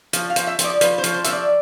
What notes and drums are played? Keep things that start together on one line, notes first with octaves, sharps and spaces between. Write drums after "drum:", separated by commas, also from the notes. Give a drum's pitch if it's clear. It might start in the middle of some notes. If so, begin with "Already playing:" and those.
F3, drum: hi-hat
F5
F3, drum: hi-hat
E5
F3, drum: hi-hat
D5
F3 B4, drum: hi-hat
C5
F3, drum: hi-hat
C5
F3 E5, drum: hi-hat
D5